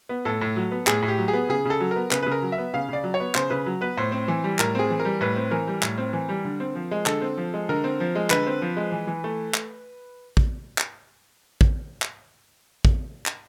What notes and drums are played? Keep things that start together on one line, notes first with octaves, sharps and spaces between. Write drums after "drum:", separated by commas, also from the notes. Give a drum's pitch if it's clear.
B3
A2 A4
A2
F#3
B3
A2 G#4, drum: clap
A2
G4
F#3
G#4
B3
C#3 G#4
C#3 A4
F#3
B3 A#4
C#3 B4, drum: clap
C#3 B4
A#4
F#3
E5
B3
C#3 F5
C#3 D5
F#3
C#5
B3
C#3 C5, drum: clap
C#3 B4
F#3
B3 B4
A2 C5
C4
E3
G3
A2 A#4, drum: clap
C4 G#4
E3
A#4
G3
A2 B4
C4
E3 A#4
G3
A2, drum: clap
C4
E3
G3
D3
C4
F3
G#3
D3 A4, drum: clap
C4
F3
G#3
D3 A#4
C4
F3
G#3
D3 B4, drum: clap
C4
F3
G#3
E3
E3
A3
drum: clap
drum: kick
drum: clap
drum: kick
drum: clap
drum: kick
drum: clap